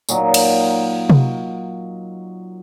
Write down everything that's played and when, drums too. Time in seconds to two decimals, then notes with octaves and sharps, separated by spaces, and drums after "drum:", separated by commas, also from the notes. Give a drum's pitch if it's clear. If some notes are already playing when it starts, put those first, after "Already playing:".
0.09 A#2 F#3 D#4, drum: tambourine
0.34 drum: cymbal
1.10 drum: tom C3